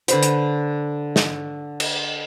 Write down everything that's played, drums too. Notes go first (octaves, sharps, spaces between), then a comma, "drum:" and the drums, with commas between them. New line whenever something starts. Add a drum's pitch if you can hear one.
D3 B4 C5, drum: hi-hat
drum: hi-hat
drum: snare
drum: cymbal